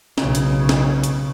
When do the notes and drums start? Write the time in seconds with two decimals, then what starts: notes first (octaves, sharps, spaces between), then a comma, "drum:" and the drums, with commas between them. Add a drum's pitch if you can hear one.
0.18 B1 C#3, drum: snare
0.35 drum: hi-hat
0.69 drum: snare
1.04 drum: hi-hat